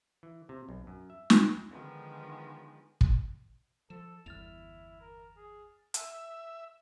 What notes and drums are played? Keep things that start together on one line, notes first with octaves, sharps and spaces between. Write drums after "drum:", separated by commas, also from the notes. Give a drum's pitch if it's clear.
E3
C3
B1
F#2
E5
drum: snare
D3 D#3 F3 G#3 B3
drum: kick
F3 A4 E7
G1 E2 E4 F6 A6 F7
A#4
G#4
E5, drum: hi-hat